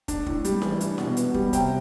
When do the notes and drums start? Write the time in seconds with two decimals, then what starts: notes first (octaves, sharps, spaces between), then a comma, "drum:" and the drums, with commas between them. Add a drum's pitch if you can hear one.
0.08 D4, drum: kick, hi-hat
0.26 A2, drum: kick
0.45 G3, drum: hi-hat
0.62 E3, drum: snare E4
0.81 D4, drum: hi-hat
0.98 B2, drum: snare E4
1.17 B3, drum: hi-hat
1.34 G3, drum: kick
1.53 C3 G5, drum: kick, hi-hat